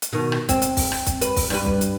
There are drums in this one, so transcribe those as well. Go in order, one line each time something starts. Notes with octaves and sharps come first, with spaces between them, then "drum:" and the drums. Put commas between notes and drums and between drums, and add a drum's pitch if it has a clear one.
drum: hi-hat
B2 D#3
drum: rim click
C4, drum: kick, hi-hat
drum: hi-hat
drum: kick, open hi-hat
drum: rim click
drum: kick, hi-hat
B4, drum: hi-hat
drum: kick, open hi-hat
G2 G3 B4, drum: rim click
drum: kick
drum: hi-hat